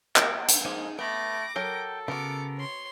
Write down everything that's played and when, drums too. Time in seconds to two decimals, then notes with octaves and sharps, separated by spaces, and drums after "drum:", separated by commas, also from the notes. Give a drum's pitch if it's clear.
0.16 A#3 D#5 F#5 G5, drum: clap
0.48 drum: hi-hat
0.65 F3 G#3 A#3 D#4 G#4
0.99 A3 B3 G5 B5 D6 A#6
1.56 F#3 A4 A#4 G5
2.08 C#3 B3 F#4 A#4 D6 C#7
2.57 C#5 C6